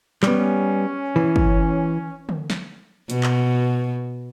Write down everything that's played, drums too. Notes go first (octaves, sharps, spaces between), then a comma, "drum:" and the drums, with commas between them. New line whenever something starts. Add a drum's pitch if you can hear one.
G3 B3 C#4, drum: clap
E3
drum: kick
drum: tom D3
drum: snare
B2, drum: hi-hat
drum: clap